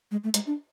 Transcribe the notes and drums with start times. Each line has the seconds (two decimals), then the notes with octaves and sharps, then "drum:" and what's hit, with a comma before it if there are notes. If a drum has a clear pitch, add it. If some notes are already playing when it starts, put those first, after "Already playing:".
0.11 G#3
0.24 A3
0.34 G#3, drum: hi-hat
0.47 D4